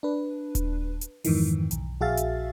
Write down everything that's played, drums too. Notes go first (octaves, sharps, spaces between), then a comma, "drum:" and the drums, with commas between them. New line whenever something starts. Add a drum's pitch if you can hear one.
D4 B4
drum: kick D#1, hi-hat
drum: hi-hat
F2 G#2 D#3 E3, drum: open hi-hat
B1, drum: hi-hat
A#1 F#4 G#4 E5 F5 A6
drum: hi-hat